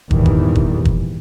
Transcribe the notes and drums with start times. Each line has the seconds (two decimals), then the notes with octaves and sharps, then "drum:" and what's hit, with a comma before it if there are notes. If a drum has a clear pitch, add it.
0.11 A#1 E2 G#2 D#3 E3 G3, drum: kick
0.26 drum: kick
0.55 drum: kick
0.85 drum: kick